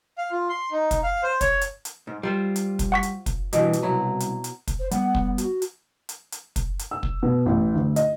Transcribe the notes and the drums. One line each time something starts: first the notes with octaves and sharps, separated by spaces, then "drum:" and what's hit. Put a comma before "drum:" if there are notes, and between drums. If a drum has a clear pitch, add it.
F5
F4
C6
D#4
drum: kick, hi-hat
F5
C5
C#5, drum: kick, hi-hat
drum: hi-hat
drum: hi-hat
G#2
G3 F4 C5 E5
drum: hi-hat
drum: kick, hi-hat
F#5 C#6 B6
drum: hi-hat
drum: kick, hi-hat
G2 B2 E3, drum: hi-hat
drum: hi-hat
C2 F#3 E4
drum: hi-hat
drum: hi-hat
drum: kick, hi-hat
C5
G3 B3 F#5, drum: hi-hat
drum: kick
F#4, drum: hi-hat
drum: hi-hat
drum: hi-hat
drum: hi-hat
drum: kick, hi-hat
drum: hi-hat
E6
drum: kick
B2
A1
D2
D#5, drum: hi-hat